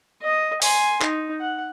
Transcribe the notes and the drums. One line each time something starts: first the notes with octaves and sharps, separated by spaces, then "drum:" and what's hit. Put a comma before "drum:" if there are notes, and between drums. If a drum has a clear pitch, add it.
D#5
G#5 C6, drum: open hi-hat
D#4, drum: clap
F#5